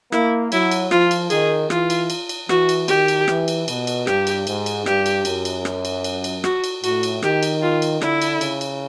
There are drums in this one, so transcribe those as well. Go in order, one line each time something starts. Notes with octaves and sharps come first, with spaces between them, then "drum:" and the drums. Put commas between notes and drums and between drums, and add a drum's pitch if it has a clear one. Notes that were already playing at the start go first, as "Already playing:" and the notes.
A#3 E4, drum: rim click
F#3 E4, drum: cymbal
drum: cymbal
F3 F4, drum: rim click
drum: cymbal
D#3 G#4, drum: cymbal
E3 F4, drum: rim click
drum: cymbal
drum: cymbal
drum: cymbal
E3 F#4, drum: rim click
drum: cymbal
D#3 G4, drum: cymbal
drum: cymbal
E3, drum: rim click
drum: cymbal
B2, drum: cymbal
drum: cymbal
G2 G4, drum: rim click
drum: cymbal
G#2, drum: cymbal
drum: cymbal
G2 G4, drum: rim click
drum: cymbal
F#2, drum: cymbal
drum: cymbal
drum: rim click
drum: cymbal
drum: cymbal
drum: cymbal
F#4, drum: rim click
drum: cymbal
A2 F#4, drum: cymbal
drum: cymbal
D#3 G4, drum: rim click
drum: cymbal
F4
drum: cymbal
D3 E4, drum: rim click
drum: cymbal
C#3, drum: cymbal
drum: cymbal